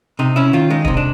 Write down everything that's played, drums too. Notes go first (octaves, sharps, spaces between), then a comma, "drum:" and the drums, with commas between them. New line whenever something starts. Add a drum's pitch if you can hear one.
C3 D#4
C#4 E4
D#3 F4
G#3 D#4
C3 D#4, drum: kick
D4